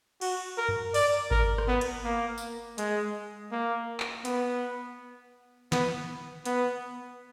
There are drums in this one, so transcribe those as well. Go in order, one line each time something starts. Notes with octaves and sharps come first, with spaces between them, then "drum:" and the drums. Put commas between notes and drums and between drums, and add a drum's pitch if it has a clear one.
F#4, drum: cymbal
A#4
drum: tom F#2
D5, drum: open hi-hat
A#4, drum: kick G#1
drum: rim click
B3
drum: cymbal
A#3
drum: tambourine
G#3, drum: hi-hat
A#3
drum: clap
B3, drum: hi-hat
B3, drum: snare
B3, drum: hi-hat